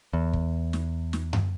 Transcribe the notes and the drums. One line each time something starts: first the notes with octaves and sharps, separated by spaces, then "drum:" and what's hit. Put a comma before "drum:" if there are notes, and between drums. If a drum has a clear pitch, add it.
E2
drum: kick
drum: snare
drum: snare
drum: tom F#2